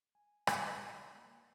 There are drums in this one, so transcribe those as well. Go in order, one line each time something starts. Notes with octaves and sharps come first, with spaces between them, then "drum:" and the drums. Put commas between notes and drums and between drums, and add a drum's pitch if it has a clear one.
G#5
drum: rim click
A4
A#3